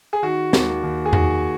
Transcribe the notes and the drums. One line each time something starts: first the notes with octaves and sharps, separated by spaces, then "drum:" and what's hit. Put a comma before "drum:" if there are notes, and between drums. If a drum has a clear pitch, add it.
G#4
D#3 F#4
D#2, drum: snare
D#2
G#4
D#3 F#4, drum: tom